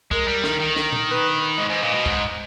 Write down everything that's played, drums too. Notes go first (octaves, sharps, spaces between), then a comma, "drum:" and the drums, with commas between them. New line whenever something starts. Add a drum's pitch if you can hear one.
G#3 A#4, drum: kick C2
G3
D#3, drum: snare
D#3
drum: snare
drum: tom A#2
B4
G#2 D#5
G#2
A#2
B2
G#2, drum: kick C2